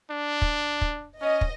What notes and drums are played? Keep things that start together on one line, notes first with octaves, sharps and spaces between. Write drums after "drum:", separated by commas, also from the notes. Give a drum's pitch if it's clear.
D4
drum: kick
drum: kick
C#4 D#5
drum: kick